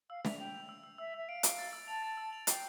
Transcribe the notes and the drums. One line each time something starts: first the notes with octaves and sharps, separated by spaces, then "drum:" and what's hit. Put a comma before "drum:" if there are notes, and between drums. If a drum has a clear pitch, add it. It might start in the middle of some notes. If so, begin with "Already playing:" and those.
F5 E6
E5 F7, drum: snare
G5 F7
F7
E6
E6
E5 E6
E5 E6
F5 D7
D7, drum: hi-hat
A6
E6
A5 F7
A6
E6
F7
G5 C7, drum: hi-hat